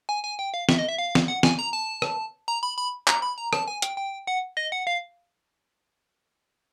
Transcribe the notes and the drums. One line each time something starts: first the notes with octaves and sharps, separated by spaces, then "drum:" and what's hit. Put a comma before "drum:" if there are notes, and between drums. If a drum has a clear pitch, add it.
G#5
G#5
G5
F5
E5, drum: snare
D#5
E5
F5
drum: snare
F#5
G#5, drum: snare
A#5
A5
drum: rim click
A#5
B5
B5
A#5, drum: clap
B5
A#5
A5, drum: rim click
G#5
G5, drum: hi-hat
G5
F#5
D#5
F#5
F5